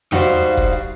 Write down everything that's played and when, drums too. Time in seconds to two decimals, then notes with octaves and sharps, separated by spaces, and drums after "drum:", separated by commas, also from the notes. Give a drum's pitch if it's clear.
0.12 G3 D#4 F#4 C5 F5, drum: tom E2
0.27 drum: hi-hat
0.42 drum: hi-hat
0.57 drum: kick, hi-hat
0.73 drum: hi-hat